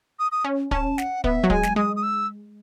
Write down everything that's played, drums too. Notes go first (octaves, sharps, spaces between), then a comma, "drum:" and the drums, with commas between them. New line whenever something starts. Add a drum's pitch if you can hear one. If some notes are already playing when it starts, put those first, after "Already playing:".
D#6
D#6
C#4
C#4 A5, drum: kick
F#5, drum: snare
B3 E5, drum: kick
F#3
G#3 G#5, drum: kick
drum: snare
G#3 D#6
D#6
E6